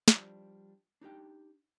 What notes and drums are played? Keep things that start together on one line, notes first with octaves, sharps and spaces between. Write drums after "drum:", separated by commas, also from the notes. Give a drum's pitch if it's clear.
F3 G3 D4, drum: snare
D4 D#4 G4 G5